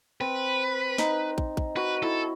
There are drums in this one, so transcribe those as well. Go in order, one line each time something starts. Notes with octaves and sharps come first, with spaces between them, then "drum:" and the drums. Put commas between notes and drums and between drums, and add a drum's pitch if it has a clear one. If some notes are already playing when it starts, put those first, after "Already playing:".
C4 B4
D#4, drum: snare
drum: kick
drum: kick
F#4 B4
E4 A4